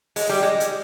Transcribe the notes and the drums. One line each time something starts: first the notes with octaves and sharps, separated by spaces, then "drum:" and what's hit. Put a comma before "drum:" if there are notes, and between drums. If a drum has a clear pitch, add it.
G#3, drum: open hi-hat
G3
G#3
drum: hi-hat